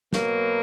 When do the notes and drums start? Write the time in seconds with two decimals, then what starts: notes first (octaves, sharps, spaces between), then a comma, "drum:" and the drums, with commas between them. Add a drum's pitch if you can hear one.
0.13 B2 F#3 A#3, drum: snare